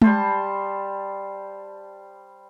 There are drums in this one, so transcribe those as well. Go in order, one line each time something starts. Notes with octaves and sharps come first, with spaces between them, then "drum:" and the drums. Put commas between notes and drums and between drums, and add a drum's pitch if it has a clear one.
G3 C5 A5, drum: tom G#3